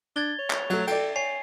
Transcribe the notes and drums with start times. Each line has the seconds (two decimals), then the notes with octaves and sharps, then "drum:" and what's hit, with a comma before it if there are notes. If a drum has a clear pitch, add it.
0.16 D4 G#6 A6 G7
0.39 C#5
0.50 drum: clap
0.70 F#3 A3, drum: cymbal
0.87 A4 D5 G5, drum: cymbal
1.16 C#5 G#5 C7